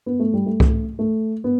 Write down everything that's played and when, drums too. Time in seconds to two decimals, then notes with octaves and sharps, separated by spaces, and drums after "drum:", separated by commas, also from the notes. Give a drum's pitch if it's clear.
0.06 B3
0.20 A3
0.34 G3
0.46 A3
0.60 drum: kick C2
0.99 A3
1.44 B3